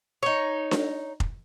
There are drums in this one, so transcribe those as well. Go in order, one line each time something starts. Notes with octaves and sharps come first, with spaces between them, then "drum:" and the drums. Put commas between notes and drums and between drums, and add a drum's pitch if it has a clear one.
D#4 C#5
drum: snare D4
drum: kick F1